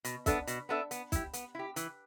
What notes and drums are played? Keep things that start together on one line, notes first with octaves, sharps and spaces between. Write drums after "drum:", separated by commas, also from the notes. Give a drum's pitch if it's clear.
B2, drum: hi-hat
B3 D4 A4 E5, drum: kick, hi-hat
B2, drum: hi-hat
B3 D4 A4 E5
B3, drum: hi-hat
E4 G4, drum: kick, hi-hat
B3, drum: hi-hat
E4 G4
E3, drum: hi-hat